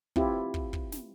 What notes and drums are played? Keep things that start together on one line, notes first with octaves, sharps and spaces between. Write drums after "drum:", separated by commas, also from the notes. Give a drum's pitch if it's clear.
C4 E4 F4 G4, drum: kick
drum: kick
drum: kick
drum: snare